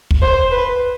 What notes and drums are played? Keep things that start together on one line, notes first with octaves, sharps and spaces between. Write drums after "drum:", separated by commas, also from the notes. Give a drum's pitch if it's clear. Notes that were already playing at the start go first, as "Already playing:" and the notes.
drum: kick
C5
B4